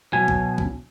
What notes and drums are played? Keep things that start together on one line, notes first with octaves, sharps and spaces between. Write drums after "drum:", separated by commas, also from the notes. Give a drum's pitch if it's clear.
B2 F#3 G#5
drum: kick C#2
drum: kick C#2